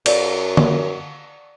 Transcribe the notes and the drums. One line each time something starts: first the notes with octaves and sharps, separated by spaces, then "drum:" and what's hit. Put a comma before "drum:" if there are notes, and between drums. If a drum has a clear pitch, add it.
F#2 D5, drum: cymbal
drum: tom D3